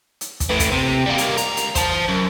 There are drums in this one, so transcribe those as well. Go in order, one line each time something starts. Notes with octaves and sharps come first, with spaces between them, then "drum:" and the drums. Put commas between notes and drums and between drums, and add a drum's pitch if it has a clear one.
drum: hi-hat
drum: kick, hi-hat
A2 E3
drum: kick, hi-hat
C3
G3 A#3
drum: hi-hat
C#2 A#5, drum: hi-hat
drum: hi-hat
C5 A5, drum: kick, hi-hat
F#2